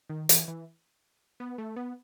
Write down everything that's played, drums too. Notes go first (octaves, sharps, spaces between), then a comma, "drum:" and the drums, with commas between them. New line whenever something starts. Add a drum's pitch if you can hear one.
D#3
E3, drum: hi-hat
E3
B3
A3
B3